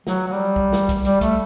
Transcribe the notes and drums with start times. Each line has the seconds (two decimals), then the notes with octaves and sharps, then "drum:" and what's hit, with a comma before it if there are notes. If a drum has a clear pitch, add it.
0.07 F#3, drum: snare
0.27 F#3
0.32 G3
0.56 drum: kick
0.73 drum: snare
0.89 drum: kick, hi-hat
1.05 G3, drum: hi-hat
1.21 A3, drum: kick, hi-hat